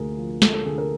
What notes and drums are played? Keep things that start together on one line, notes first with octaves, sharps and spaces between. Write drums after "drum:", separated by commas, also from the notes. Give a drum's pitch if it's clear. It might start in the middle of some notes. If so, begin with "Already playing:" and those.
Already playing: D2 D3 A#3 G#4 A#4
F3
A#3 A4, drum: snare
A4
D3 G#4
A#4